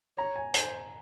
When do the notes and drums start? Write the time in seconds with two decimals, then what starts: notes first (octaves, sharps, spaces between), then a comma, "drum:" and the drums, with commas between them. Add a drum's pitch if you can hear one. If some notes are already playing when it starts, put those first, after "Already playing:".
0.18 C#5 A#5
0.36 G#5
0.54 C5 G#5, drum: hi-hat